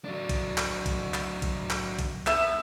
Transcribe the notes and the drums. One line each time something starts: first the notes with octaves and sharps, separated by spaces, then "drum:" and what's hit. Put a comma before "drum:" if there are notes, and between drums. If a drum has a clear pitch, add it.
F#3 D4
drum: kick A#1, hi-hat
drum: clap
drum: kick A#1, hi-hat
drum: clap
drum: kick A#1, hi-hat
drum: clap
drum: kick A#1, hi-hat
B3 E5 E6 E7, drum: clap